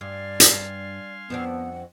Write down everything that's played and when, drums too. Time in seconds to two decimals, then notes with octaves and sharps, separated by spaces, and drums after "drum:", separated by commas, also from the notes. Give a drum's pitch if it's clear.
0.01 G2 D5 F5 G#5 C6
0.40 drum: hi-hat
1.30 F2 B3 C4 D4 F#5